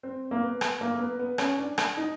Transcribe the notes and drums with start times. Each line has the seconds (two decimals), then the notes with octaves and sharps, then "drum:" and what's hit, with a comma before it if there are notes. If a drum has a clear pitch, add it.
0.03 C4
0.31 A#3
0.42 B3
0.61 drum: rim click
0.81 A#3
0.94 A#3
0.99 B3
1.19 B3
1.38 C#4, drum: rim click
1.58 D4
1.78 drum: rim click
1.97 D#4